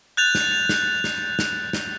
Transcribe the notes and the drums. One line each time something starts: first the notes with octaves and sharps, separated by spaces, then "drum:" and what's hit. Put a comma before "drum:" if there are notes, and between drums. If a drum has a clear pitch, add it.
F#6 G6 A6 F7
drum: snare
drum: snare
drum: snare
drum: snare
drum: snare